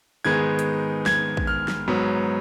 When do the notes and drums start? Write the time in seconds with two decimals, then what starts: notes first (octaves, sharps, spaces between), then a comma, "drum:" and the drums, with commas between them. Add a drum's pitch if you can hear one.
0.25 G#2 D#3 G#3 B3 G#6
0.59 drum: hi-hat
1.06 G#6, drum: snare
1.37 drum: kick A1
1.47 F6
1.68 drum: snare
1.88 G#2 F#3 B3